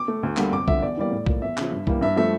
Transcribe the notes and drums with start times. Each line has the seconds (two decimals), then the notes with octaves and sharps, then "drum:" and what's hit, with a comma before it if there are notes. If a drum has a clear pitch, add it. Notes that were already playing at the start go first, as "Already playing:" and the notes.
Already playing: D6
0.08 A3
0.23 D2
0.37 D3 G3 A#3, drum: clap
0.52 F2 D6
0.68 D3 F3 E5, drum: kick B1
0.82 E2 D5
0.97 E3 G3 A#3 D5
1.12 A2
1.26 F3 A#3, drum: kick B1
1.42 E2 E5
1.57 C#3 F3, drum: clap
1.72 G2
1.87 E3 G3 A#3, drum: kick B1
2.01 G2 E5
2.16 F3 A3 E5